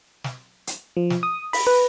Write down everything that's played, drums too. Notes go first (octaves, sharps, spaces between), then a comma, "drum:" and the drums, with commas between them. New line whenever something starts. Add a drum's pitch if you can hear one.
drum: snare
drum: hi-hat
F3
drum: snare
D#6
B5, drum: open hi-hat
B4